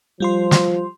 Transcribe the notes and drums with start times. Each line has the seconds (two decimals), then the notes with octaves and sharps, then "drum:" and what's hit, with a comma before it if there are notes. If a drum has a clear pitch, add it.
0.20 F3 G3 F4 C6
0.51 drum: snare